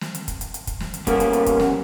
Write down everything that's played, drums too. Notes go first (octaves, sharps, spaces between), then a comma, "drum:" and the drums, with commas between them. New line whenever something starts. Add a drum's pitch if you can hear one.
drum: snare
drum: hi-hat
drum: kick, hi-hat
drum: hi-hat
drum: hi-hat
drum: kick, hi-hat
drum: snare
drum: hi-hat
G3 A#3 B3 C#4, drum: kick, hi-hat
drum: hi-hat
drum: hi-hat
drum: kick, hi-hat
drum: snare